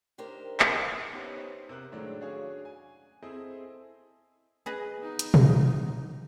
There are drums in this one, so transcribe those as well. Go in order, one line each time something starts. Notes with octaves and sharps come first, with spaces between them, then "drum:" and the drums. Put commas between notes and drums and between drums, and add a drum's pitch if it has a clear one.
D#3 D4 G4 A#4 C5
drum: clap
B3 C#4 D#4 G4 C5
C3 A#4 C5 F#6
A2 D#3 F#3 G#3 A3 D4
C#4 D4 F#4 G#4 C#5 F5
G#5
C4 E4 G#4 A4 C5 D#5
G#4 B4 D#5
B3 D#4
drum: hi-hat
drum: tom